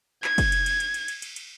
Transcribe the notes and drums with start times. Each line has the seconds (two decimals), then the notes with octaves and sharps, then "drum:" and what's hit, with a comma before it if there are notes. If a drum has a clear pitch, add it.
0.24 G#6, drum: clap
0.38 drum: kick, cymbal
0.52 drum: cymbal
0.66 drum: cymbal
0.80 drum: cymbal
0.94 drum: cymbal
1.08 drum: cymbal
1.22 drum: cymbal
1.36 drum: cymbal